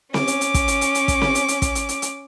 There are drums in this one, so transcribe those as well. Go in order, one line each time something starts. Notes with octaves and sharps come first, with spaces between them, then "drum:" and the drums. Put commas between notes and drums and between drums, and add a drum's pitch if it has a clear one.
C#4 D6, drum: snare C4
drum: hi-hat
drum: hi-hat
drum: kick, hi-hat
drum: hi-hat
drum: hi-hat
drum: hi-hat
drum: kick, hi-hat
drum: snare C4
drum: hi-hat
drum: hi-hat
drum: kick, hi-hat
drum: hi-hat
drum: hi-hat
drum: hi-hat